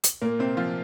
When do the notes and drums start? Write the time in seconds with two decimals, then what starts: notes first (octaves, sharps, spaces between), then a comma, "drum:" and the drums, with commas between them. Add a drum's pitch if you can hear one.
0.04 drum: hi-hat
0.22 A#2 A#3
0.39 C3 C4
0.57 F3 F4